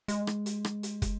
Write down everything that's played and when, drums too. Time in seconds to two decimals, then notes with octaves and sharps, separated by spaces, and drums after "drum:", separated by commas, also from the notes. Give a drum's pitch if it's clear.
0.08 G#3, drum: hi-hat
0.27 drum: rim click
0.46 drum: hi-hat
0.65 drum: rim click
0.83 drum: hi-hat
1.02 drum: kick, hi-hat